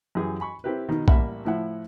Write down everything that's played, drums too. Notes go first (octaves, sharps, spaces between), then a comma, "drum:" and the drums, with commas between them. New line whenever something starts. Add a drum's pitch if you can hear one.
F#2 E3 G4 G#4
G#5 B5 C#6
C4 E4 G4 A#4 B4
B2 D#3 D#4
A1 G3 A#3 E5 F#5 B5, drum: kick B1
A2 F3 E4 E5 F#5